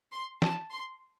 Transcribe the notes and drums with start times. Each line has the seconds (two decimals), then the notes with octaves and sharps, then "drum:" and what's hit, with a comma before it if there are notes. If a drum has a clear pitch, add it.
0.13 C6
0.42 A5, drum: snare
0.71 C6